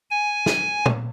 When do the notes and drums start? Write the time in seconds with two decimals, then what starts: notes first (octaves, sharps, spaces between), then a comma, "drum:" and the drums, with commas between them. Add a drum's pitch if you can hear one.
0.10 G#5
0.46 drum: snare
0.86 drum: tom